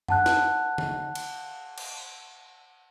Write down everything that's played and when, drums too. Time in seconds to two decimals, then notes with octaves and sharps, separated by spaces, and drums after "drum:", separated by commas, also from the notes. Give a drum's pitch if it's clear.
0.08 F#5 A5 F#6, drum: tom F#2
0.26 drum: snare
0.78 drum: tom D3
1.15 drum: cymbal
1.78 drum: cymbal